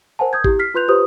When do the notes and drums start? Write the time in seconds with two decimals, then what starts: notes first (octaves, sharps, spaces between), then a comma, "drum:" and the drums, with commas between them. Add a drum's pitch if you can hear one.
0.19 A#4 C5 F#5 G#5 A5
0.33 D#6 G6 G#6
0.44 E4 G4, drum: kick
0.59 F6 B6 C7
0.74 F4 B4 C6 F#6 G6 F7
0.88 F4 G4 B4 C5 D#6